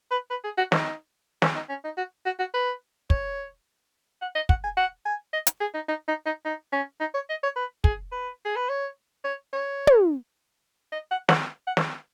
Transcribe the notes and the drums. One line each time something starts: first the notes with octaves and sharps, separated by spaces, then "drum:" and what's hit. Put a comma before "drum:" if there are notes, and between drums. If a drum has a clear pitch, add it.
B4
B4
G#4
F#4
D#4, drum: snare
C#4, drum: snare
D#4
C#4
D#4
F#4
F#4
F#4
B4
C#5, drum: kick
F#5
D#5
F#5, drum: kick
G#5
F#5
G#5
D#5
drum: hi-hat
G#4
D#4
D#4
D#4
D#4
D#4
C#4
D#4
C#5
D#5
C#5
B4
G#4, drum: kick
B4
G#4
B4
C#5
C#5
C#5
drum: tom
D#5
F#5
F#5, drum: snare
F#5
drum: snare